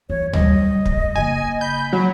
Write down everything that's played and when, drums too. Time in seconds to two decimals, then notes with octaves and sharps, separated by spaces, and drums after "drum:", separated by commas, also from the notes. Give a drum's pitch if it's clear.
0.10 E2 C#5
0.33 F2 G3 D#5, drum: tom D2
0.86 F1, drum: kick
1.15 C#3 A#3 G#5
1.61 B5 G6
1.93 F#3